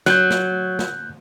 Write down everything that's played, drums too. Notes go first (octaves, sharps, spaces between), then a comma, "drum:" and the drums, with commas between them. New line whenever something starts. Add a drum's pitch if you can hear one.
F#3 F#6 G6, drum: snare
drum: snare
drum: snare